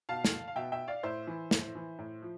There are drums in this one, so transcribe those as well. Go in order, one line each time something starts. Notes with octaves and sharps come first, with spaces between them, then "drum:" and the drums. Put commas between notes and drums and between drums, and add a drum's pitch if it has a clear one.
B2 F5 A5
drum: snare
F5
B2 E5 G5
E5 G5
D5 F5
A2 C5 E5
E3
A2, drum: snare
E3
A2
F3